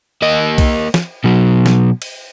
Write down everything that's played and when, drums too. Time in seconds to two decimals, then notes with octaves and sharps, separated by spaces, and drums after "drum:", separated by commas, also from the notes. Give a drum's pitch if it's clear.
0.22 A#3 D#5
0.58 drum: kick B1, cymbal
0.94 drum: snare
1.24 B2 F#3
1.66 drum: snare
2.02 drum: cymbal